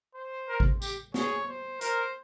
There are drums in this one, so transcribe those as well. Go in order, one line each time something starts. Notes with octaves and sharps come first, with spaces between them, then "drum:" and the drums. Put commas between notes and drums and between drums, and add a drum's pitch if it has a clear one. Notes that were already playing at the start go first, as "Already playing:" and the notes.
C5
A#4
drum: kick G#1
G4, drum: tambourine
G#4 C#5, drum: snare
C5
A#4 C5, drum: hi-hat